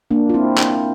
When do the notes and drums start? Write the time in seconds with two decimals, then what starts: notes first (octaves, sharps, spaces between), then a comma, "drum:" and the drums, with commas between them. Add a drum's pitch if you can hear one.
0.11 A#3 D4
0.29 F4
0.34 C4 E4
0.58 drum: clap